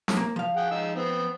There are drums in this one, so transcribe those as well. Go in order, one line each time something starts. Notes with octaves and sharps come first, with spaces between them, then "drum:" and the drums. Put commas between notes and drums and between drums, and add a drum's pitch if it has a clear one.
drum: snare
A#3
F3 F5
G#4 F#5 G5
G#3 D#4 E6
B3 C4